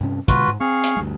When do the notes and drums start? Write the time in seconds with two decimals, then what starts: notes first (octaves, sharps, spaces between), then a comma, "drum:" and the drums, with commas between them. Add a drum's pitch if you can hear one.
0.01 G2 C3 C#4
0.28 B2 D3 G#3 F4 F#4 B4, drum: kick, hi-hat
0.48 G#2
0.60 C4 G#4 F5 C#6
0.84 drum: hi-hat
0.97 D2 G2 G#3